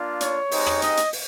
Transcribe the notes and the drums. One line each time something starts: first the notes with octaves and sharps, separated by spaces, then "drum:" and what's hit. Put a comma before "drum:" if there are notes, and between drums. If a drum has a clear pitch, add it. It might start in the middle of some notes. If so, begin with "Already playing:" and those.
Already playing: A#3 D4 F4
C#5, drum: hi-hat
G#3 C4 D#4 G4, drum: open hi-hat
drum: rim click
D#5, drum: hi-hat
drum: hi-hat
drum: open hi-hat